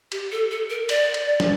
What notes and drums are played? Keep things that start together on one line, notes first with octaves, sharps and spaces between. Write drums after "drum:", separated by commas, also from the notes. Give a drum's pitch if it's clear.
G4, drum: cymbal
A4
A4
A#4
D5, drum: cymbal
drum: cymbal
drum: snare